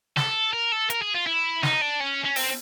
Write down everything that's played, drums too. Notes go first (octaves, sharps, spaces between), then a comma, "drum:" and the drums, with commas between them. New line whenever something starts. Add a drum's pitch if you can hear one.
A4, drum: snare
A#4
A4
A#4, drum: hi-hat
G#4
F4
E4
D#4, drum: snare
D4
C#4
C#4
C4, drum: open hi-hat